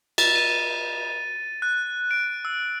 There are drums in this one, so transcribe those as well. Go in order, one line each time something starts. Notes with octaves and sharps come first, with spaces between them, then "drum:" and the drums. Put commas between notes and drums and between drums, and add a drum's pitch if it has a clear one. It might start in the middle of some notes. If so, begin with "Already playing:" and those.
A6, drum: cymbal
D#7
F#6
D7
E6